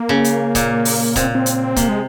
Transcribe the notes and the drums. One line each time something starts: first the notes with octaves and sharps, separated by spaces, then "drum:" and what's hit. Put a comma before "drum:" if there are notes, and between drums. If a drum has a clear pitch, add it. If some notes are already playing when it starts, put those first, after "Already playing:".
Already playing: A#3
C#3
drum: hi-hat
A#2, drum: kick, hi-hat
drum: open hi-hat
A#2 C4, drum: kick, hi-hat
C4
drum: hi-hat
C3 A#3, drum: kick, hi-hat
G#3